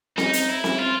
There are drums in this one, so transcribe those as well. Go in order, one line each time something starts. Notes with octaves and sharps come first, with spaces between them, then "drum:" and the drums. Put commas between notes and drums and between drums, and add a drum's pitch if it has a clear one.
D#4, drum: snare C4
drum: hi-hat
E4
drum: snare C4
F4